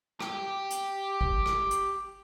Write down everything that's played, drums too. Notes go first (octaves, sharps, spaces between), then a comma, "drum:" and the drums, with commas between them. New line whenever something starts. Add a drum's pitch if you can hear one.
G4 G5, drum: rim click
drum: hi-hat
drum: kick
drum: rim click
drum: hi-hat